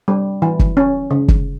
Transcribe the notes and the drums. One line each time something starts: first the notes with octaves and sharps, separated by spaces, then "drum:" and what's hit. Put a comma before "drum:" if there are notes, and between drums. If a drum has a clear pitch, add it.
G3
E3
drum: kick
C#4
C#3
drum: kick